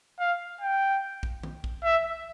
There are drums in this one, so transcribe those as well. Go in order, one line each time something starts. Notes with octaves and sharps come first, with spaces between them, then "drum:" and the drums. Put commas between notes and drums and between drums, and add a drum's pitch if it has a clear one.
F5
G5
drum: kick A#1
drum: tom D#3
drum: kick A#1
E5